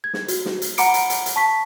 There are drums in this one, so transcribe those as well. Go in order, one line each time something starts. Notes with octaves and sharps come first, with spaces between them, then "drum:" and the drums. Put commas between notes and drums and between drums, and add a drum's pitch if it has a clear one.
G#6
drum: snare
F#4, drum: hi-hat
drum: snare
drum: hi-hat
F#5 A#5 B5 D6 C#7 D7, drum: hi-hat
drum: hi-hat
drum: hi-hat
drum: hi-hat
A5 C#6 B6